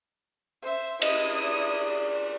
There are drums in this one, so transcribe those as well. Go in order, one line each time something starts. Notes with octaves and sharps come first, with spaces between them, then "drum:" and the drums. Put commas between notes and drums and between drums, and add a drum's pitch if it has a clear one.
C5 E5
E4 D#5 D#6, drum: cymbal
D5